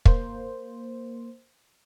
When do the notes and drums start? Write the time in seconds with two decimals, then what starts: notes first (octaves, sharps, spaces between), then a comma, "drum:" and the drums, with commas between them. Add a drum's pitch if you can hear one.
0.05 A#3 C5, drum: kick